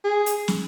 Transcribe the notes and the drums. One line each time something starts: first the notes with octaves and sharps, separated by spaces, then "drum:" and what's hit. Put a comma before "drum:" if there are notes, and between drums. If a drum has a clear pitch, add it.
G#4
drum: hi-hat
drum: snare